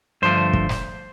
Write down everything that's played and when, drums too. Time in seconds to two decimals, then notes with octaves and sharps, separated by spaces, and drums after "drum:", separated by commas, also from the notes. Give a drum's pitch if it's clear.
0.22 G2 D3 F3 A3 C5
0.53 drum: kick
0.69 drum: snare